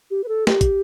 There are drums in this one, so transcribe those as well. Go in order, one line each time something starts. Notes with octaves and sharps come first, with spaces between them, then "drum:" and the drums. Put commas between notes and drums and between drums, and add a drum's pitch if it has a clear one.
G4
B4
A4
G4, drum: snare
drum: kick, hi-hat